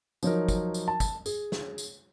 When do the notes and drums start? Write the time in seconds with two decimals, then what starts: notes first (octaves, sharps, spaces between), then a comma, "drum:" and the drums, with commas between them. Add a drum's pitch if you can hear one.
0.23 F3 F#3 D#4 A#4, drum: tambourine
0.49 drum: kick, tambourine
0.74 drum: tambourine
0.88 A5
1.00 drum: kick, tambourine
1.26 G#4, drum: tambourine
1.52 drum: snare
1.78 drum: tambourine